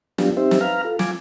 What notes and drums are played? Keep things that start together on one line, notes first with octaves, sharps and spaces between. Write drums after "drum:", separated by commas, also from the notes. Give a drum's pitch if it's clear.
F#3 B3 D4 F4 G4, drum: snare
C4 D#4 G4 C5 E5
drum: snare
B4 F5 A#5 F6
F4 A4
F4 G#5 D6, drum: snare